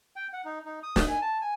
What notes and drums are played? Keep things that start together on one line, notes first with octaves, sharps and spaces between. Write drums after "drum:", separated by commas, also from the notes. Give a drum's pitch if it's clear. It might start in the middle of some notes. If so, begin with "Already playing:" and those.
G5
F#5
D#4
D#4
D#6
drum: snare
G#5
A5
G#5